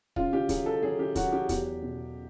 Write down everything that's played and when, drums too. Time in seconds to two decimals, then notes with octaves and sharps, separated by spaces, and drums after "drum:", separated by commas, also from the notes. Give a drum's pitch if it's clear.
0.16 C#3 F4, drum: kick
0.33 G4
0.49 F#3 G#4, drum: kick, hi-hat
0.66 A4
0.83 F#3 G#4
0.99 G4
1.15 F#3 F#4, drum: kick, hi-hat
1.32 G4
1.49 E2 G4, drum: kick, hi-hat
1.83 B2